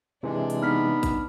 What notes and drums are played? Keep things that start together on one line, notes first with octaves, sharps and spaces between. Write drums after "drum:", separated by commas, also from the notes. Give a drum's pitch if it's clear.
C3 E3 G#3 D4
drum: hi-hat
B3 D#4 F6 B6
drum: kick A#1, hi-hat